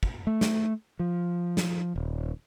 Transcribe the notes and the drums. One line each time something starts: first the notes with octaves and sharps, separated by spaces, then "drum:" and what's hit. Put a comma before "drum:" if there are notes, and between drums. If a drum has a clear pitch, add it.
drum: kick
A3
drum: snare
F3
drum: snare
D#1